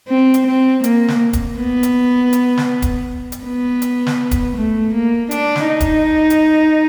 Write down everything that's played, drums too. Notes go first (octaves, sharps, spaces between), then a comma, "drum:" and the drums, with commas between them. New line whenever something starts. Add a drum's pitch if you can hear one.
C4
drum: hi-hat
C4
A#3, drum: hi-hat
drum: snare
drum: kick D1, hi-hat
B3
drum: hi-hat
drum: hi-hat
drum: snare
drum: kick D1, hi-hat
drum: hi-hat
B3
drum: hi-hat
drum: snare
drum: kick D1, hi-hat
A3
A#3
D4, drum: hi-hat
drum: snare
D#4
drum: kick D1, hi-hat
drum: hi-hat